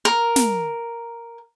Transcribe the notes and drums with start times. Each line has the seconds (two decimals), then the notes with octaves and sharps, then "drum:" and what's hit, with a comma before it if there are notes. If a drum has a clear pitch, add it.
0.05 A#4
0.36 drum: snare